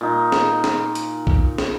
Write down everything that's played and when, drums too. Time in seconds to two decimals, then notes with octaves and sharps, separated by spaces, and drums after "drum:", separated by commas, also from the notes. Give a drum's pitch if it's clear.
0.01 A#2 D#4
0.32 drum: snare
0.64 drum: snare
0.95 drum: hi-hat
1.27 drum: kick
1.58 drum: snare